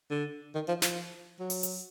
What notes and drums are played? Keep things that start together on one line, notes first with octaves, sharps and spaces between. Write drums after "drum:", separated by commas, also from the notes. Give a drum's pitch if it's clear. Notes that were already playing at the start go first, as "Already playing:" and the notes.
D3
D#3
F3
F3, drum: snare
F#3
drum: open hi-hat
drum: hi-hat